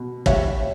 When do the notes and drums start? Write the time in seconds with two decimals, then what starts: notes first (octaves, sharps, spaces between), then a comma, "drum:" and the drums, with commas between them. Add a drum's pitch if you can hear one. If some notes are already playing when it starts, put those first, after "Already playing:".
Already playing: B2
0.26 G3 C#5 E5, drum: kick